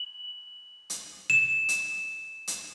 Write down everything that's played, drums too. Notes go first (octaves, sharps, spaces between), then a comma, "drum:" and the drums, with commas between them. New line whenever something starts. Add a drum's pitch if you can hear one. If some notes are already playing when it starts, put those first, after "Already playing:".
Already playing: F#7
drum: hi-hat
E7
drum: hi-hat
drum: hi-hat